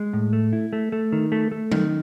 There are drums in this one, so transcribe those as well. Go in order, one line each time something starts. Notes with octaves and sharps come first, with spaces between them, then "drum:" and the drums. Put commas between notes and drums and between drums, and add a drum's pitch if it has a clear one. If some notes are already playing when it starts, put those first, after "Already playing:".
Already playing: G#3
A2
A3
E4
A3
A3
D#3
A3
A3
D#3, drum: tom F#3